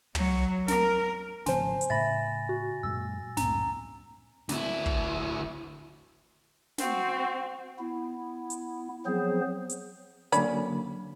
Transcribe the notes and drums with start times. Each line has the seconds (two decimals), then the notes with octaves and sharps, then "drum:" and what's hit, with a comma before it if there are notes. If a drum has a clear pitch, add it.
0.15 F#3, drum: tom
0.68 A#4, drum: snare
1.46 G#1 C#3 F3 C5 G#5 A5 C6, drum: snare
1.81 drum: hi-hat
1.90 A2 C#3 E5 B5 A6 A#6
2.49 F#4
2.83 F#2 A#2 G#3 E6
3.37 C#2 F#2 A2 A#5, drum: snare
4.49 D2 E4, drum: snare
4.86 drum: kick
6.78 C4 F#4, drum: snare
7.79 B3 E4
8.50 drum: hi-hat
9.06 F3 F#3 B3 C4 G#4 C5
9.69 drum: hi-hat
10.32 D3 F#3 A#3 C#4 D5 B5, drum: hi-hat